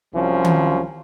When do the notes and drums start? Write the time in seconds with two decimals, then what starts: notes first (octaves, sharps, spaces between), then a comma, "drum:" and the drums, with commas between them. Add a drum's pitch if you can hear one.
0.14 C2 F3 F#3 C#4
0.44 drum: tom D#3